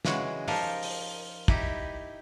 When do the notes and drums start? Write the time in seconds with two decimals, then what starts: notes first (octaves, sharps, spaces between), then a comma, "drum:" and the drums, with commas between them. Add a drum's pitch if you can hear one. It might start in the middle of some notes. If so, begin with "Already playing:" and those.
0.05 C#3 E3 G#3 F#4, drum: snare
0.48 F3 D#4 F4 G4 A#4, drum: open hi-hat
0.83 drum: open hi-hat
1.48 D#4 E4 G4, drum: kick